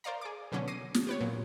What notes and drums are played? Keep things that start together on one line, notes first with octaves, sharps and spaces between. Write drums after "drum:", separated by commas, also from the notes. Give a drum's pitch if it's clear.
A#4 C5 D5 F5 A#5
G#4 D6
B2 D3 F#3 C#4
D6 A#6 C7 D#7
drum: snare
G4 B4 C#5
A#2 F#3